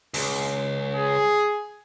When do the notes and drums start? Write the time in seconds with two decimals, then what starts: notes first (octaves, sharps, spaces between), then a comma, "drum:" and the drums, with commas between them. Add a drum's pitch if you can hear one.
0.14 C#2, drum: open hi-hat
0.96 G#4